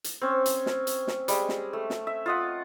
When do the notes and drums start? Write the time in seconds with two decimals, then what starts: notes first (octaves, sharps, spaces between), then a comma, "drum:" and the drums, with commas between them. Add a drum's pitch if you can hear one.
0.04 drum: hi-hat
0.22 C4 C#4
0.46 drum: hi-hat
0.66 drum: snare
0.87 drum: hi-hat
1.07 drum: snare
1.28 G3 G#3, drum: hi-hat
1.49 drum: snare
1.73 A3
1.90 drum: snare
2.07 E5
2.26 F4 D#5 F#5